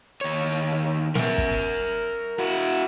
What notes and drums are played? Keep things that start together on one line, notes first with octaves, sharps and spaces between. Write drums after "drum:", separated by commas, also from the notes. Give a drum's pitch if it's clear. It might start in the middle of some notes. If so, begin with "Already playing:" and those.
D#2 C#5
A#4 E5, drum: snare
drum: kick
E4 F#4